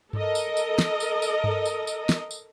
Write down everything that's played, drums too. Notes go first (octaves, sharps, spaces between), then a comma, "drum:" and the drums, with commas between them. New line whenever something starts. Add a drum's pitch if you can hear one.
A4 A#4 D#5, drum: tom G2
drum: tambourine
drum: tambourine
drum: snare
drum: tambourine
drum: tambourine
drum: tom G2
drum: tambourine
drum: tambourine
drum: snare
drum: tambourine